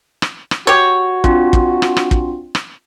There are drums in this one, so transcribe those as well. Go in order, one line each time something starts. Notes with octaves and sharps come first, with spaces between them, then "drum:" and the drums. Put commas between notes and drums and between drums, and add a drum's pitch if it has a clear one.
drum: rim click
drum: rim click
F#4 G4 C#5
C4 D4 F4, drum: kick
drum: kick
drum: rim click
drum: rim click
drum: kick
drum: rim click